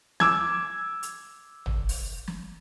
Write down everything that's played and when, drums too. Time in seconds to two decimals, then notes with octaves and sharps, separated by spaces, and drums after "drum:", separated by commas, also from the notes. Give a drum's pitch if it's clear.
0.20 D6 E6 G#6, drum: snare
1.03 drum: hi-hat
1.66 drum: tom
1.89 drum: open hi-hat
2.28 drum: snare